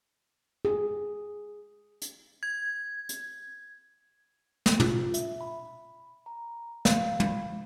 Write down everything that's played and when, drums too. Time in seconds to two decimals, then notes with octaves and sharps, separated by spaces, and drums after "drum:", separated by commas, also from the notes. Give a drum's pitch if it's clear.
0.65 G#4
2.02 drum: hi-hat
2.43 G#6
3.09 drum: hi-hat
4.66 drum: snare
4.80 F4, drum: tom
5.14 E5, drum: hi-hat
5.41 B5
6.26 A#5
6.85 F5, drum: snare
7.20 B5, drum: tom